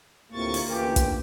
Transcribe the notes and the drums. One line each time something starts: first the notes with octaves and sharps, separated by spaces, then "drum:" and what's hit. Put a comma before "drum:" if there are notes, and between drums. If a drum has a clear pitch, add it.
D2 A2 C3 A#3 F4 C#6 A6
drum: open hi-hat
D2 C#3 E3 G4
drum: kick, hi-hat